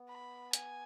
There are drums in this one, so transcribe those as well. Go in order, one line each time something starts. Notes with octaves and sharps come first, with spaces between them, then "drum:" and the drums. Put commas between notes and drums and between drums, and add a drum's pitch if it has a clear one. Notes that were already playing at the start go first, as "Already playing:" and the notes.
Already playing: B3
B5
G#5, drum: hi-hat